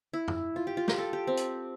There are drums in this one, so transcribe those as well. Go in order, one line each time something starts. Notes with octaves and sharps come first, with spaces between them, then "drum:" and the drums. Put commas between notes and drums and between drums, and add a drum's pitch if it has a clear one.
E4
drum: tom F2
F4
G4
F4
G4, drum: snare
A4
G4
C4
drum: hi-hat